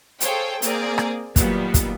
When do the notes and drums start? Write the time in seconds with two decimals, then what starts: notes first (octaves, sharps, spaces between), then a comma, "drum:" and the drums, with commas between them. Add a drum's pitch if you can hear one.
0.21 G#4 A4 C5 C#5 F5 G5, drum: hi-hat
0.62 A#3 C4 G#4 A#4 D5, drum: hi-hat
0.98 drum: rim click
1.36 A#2 D#3 F#3 G3 B3, drum: kick, hi-hat
1.74 drum: kick, hi-hat